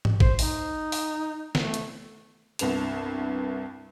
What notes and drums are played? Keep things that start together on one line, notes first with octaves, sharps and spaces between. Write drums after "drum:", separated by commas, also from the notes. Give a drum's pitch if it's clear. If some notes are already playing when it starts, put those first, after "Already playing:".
drum: tom G#2
C5, drum: kick G#1
D#4, drum: open hi-hat
drum: open hi-hat
A3, drum: snare
drum: hi-hat
C2 G2 B3 E7 F7, drum: hi-hat